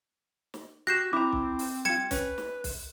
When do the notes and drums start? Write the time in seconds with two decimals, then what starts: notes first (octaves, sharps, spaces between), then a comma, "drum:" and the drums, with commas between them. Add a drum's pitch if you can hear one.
0.54 drum: snare
0.87 F#4 G4 F#6 G6 A#6 C7 E7
1.13 C4 E4 A#5 D6
1.33 drum: kick B1
1.59 drum: open hi-hat
1.85 G3 F4 G#6 C#7 E7
2.11 C#4 B4, drum: kick B1, hi-hat
2.38 drum: snare
2.64 drum: kick B1, open hi-hat